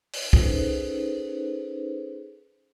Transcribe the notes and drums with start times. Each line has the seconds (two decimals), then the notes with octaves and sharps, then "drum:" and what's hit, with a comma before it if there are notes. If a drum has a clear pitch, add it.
0.13 drum: open hi-hat
0.33 C#4 D#4 G#4 A4 B4 C5, drum: kick